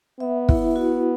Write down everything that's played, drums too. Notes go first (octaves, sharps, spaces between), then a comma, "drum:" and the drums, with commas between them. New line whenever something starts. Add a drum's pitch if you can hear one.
B3 E5
E4, drum: kick
F#4